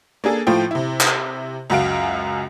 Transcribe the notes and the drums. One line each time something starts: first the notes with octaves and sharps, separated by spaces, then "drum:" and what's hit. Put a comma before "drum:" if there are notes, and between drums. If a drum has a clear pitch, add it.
A#3 D4 G#4 A4
A2 F3 F4 G5
C3 E4
drum: clap
C#2 F#2 F#4 F5 D7